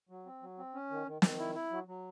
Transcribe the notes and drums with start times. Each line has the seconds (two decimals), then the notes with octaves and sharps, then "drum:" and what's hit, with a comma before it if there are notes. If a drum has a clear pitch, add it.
0.09 F#3
0.26 C4
0.42 F#3
0.58 C4
0.74 C#4
0.90 D#3
1.07 D#3
1.22 D#3, drum: snare
1.39 E4
1.55 E4
1.71 F#3
1.88 F#3